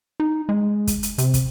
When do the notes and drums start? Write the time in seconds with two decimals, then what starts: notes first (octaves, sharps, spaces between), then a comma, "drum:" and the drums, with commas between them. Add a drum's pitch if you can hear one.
0.20 D#4
0.49 G#3
0.87 drum: kick, hi-hat
1.03 drum: hi-hat
1.18 C3, drum: hi-hat
1.34 drum: kick, hi-hat